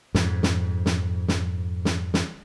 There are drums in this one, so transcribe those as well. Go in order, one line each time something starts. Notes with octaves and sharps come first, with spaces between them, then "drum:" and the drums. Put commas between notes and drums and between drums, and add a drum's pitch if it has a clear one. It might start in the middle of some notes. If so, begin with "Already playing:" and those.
F2 G#2, drum: snare
drum: snare
drum: snare
drum: snare
drum: snare
drum: snare